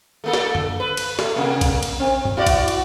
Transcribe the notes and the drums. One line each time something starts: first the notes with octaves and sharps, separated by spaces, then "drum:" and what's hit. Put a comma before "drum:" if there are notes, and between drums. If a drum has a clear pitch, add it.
A3 A#3 A4
drum: snare
drum: tom F#2
B4
drum: cymbal
A3, drum: snare
C3 A#3
drum: kick A#1, cymbal
drum: cymbal
C4
drum: tom G2
E4 F#4 D5
drum: kick A#1, cymbal
drum: cymbal